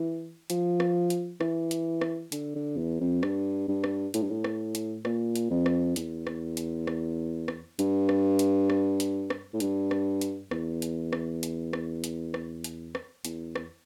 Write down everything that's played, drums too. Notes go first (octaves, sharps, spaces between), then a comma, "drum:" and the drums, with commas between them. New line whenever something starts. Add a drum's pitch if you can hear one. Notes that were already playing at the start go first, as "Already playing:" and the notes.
Already playing: E3
F3, drum: hi-hat
drum: rim click
drum: hi-hat
E3, drum: rim click
drum: hi-hat
drum: rim click
D3, drum: hi-hat
D3
E2
F2
G2, drum: rim click
G2
drum: rim click
A2, drum: hi-hat
G2
A2
drum: rim click
drum: hi-hat
A#2, drum: rim click
drum: hi-hat
F2
drum: rim click
E2, drum: hi-hat
drum: rim click
drum: hi-hat
drum: rim click
drum: rim click
G2, drum: hi-hat
drum: rim click
drum: hi-hat
drum: rim click
drum: hi-hat
drum: rim click
A2
G2, drum: hi-hat
drum: rim click
drum: hi-hat
E2, drum: rim click
drum: hi-hat
drum: rim click
drum: hi-hat
drum: rim click
drum: hi-hat
drum: rim click
drum: hi-hat
drum: rim click
E2, drum: hi-hat
drum: rim click